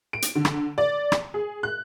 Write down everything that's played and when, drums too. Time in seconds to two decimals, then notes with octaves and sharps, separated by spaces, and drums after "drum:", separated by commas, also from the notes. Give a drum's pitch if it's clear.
0.13 D7
0.22 drum: hi-hat
0.35 D3
0.45 drum: rim click
0.78 D5
1.12 drum: rim click
1.34 G#4
1.63 F#6